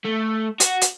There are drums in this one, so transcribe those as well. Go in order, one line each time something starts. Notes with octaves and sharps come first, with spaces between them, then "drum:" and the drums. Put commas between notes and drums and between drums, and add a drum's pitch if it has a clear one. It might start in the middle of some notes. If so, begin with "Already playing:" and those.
A3
F#4, drum: hi-hat
drum: hi-hat